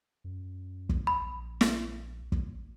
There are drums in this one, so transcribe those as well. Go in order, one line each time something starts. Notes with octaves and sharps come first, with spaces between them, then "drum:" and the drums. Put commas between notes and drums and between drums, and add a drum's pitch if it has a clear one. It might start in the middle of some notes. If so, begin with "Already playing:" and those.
F#2
drum: kick
D2 B5
A#1
drum: snare
drum: kick